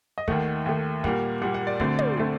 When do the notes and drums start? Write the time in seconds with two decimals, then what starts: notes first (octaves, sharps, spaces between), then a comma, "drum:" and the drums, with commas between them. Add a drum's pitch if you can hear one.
0.18 D#5
0.28 D#2 D#3 A3 F#5, drum: kick
0.66 D#2 D#3 A3
1.04 A#2 G3 A#3 F#5, drum: kick
1.42 A#2 G3 A#3 F#5
1.54 F#5
1.67 D5
1.80 D2 D3 A3 C4, drum: kick
1.99 drum: tom
2.17 D3 A3 C4